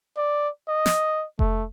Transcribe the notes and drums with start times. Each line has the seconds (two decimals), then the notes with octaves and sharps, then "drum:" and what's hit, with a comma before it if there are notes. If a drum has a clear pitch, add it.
0.17 D5
0.68 D#5
0.86 drum: snare
1.39 A3, drum: kick F1